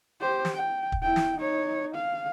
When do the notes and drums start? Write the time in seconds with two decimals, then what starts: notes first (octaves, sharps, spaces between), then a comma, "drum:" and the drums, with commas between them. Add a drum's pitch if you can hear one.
0.21 G4 C5
0.45 drum: snare
0.55 G5
0.92 drum: kick
1.03 E4 G5
1.16 drum: snare
1.38 D#4 C#5
1.95 F5